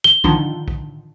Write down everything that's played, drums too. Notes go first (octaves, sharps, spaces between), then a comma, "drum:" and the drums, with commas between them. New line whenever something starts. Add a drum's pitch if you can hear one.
G7
D3 D#3 F3, drum: kick
drum: kick